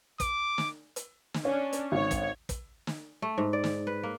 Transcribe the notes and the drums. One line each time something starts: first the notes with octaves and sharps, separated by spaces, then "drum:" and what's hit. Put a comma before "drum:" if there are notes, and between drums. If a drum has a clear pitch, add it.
D6, drum: kick, hi-hat
drum: snare
drum: hi-hat
drum: snare
C#4 D4 C#5
drum: hi-hat
G#1 C#5
drum: kick, hi-hat
drum: kick, hi-hat
drum: snare
A3
G#2
D5
drum: snare
B4
A#3